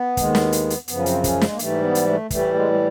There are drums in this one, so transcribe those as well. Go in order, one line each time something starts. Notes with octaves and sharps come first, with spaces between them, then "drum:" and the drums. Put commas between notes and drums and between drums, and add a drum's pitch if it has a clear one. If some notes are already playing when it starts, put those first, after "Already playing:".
Already playing: B3
D#2 D#3 G#3, drum: kick, hi-hat
drum: snare
drum: hi-hat
drum: hi-hat
F#2 C#3 F3 B3, drum: hi-hat
C#4
C4, drum: hi-hat
C#4, drum: kick, hi-hat
G#3, drum: snare
A#3
G#2 E3 G3 A3, drum: hi-hat
B3
drum: hi-hat
A3
A2 E3 G3 A3, drum: kick, hi-hat
G#3
G#3